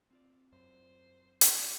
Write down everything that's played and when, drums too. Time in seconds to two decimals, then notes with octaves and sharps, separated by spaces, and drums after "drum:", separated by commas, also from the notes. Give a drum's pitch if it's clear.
0.11 C4 F4 D5
0.53 F#2 C5
1.41 drum: hi-hat